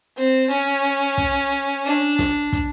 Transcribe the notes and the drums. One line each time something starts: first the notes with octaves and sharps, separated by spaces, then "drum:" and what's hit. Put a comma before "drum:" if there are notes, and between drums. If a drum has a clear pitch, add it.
C4, drum: hi-hat
C#4, drum: hi-hat
drum: hi-hat
drum: kick, hi-hat
drum: hi-hat
D4, drum: hi-hat
drum: snare
drum: kick, hi-hat